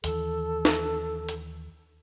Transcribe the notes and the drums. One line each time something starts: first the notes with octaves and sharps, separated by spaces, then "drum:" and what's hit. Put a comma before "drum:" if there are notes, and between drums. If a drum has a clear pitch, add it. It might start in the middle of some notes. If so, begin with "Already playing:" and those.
D#2 E3 A4, drum: hi-hat
drum: snare
drum: hi-hat